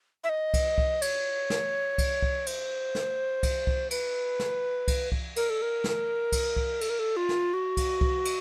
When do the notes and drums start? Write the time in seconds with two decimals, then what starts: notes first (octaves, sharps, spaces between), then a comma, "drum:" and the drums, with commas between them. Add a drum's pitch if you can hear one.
0.24 E5
0.29 D#5
0.54 drum: kick C2, cymbal
0.78 drum: kick C2
1.02 C#5, drum: cymbal
1.50 drum: snare
1.98 drum: kick C2, cymbal
2.22 drum: kick C2
2.47 C5, drum: cymbal
2.95 drum: snare
3.43 drum: kick C2, cymbal
3.67 drum: kick C2
3.91 B4, drum: cymbal
4.39 drum: snare
4.88 drum: kick C2, cymbal
5.12 drum: kick C2
5.36 A#4, drum: cymbal
5.50 A4
5.62 A#4
5.84 drum: snare
6.32 drum: kick C2, cymbal
6.56 drum: kick C2
6.81 A4, drum: cymbal
6.90 A#4
6.99 A4
7.17 F4
7.29 drum: snare
7.54 F#4
7.77 drum: kick C2, cymbal
8.01 drum: kick C2
8.25 drum: cymbal